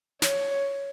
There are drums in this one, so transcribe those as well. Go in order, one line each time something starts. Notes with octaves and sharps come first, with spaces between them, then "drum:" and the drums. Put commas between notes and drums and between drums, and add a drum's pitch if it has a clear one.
C#5, drum: snare